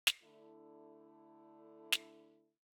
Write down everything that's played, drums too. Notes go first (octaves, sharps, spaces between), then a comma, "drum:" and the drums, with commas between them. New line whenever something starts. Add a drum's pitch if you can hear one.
drum: snare
D3 A3 D4 E4
drum: snare